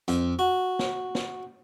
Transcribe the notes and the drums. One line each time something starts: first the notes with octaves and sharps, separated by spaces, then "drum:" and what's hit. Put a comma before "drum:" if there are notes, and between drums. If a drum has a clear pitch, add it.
F2, drum: hi-hat
F#4
drum: snare
drum: snare